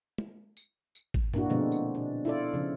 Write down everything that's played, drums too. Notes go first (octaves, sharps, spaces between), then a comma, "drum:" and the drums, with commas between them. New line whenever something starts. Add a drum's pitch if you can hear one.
drum: tom
drum: tambourine
drum: tambourine
drum: kick G#1
A#2 A#3 D4 E4 F#4, drum: tom G2
B2 D3 F3 G#3 B3 C4
drum: tambourine
D4
E4 F4 A4 D5
C#3 F3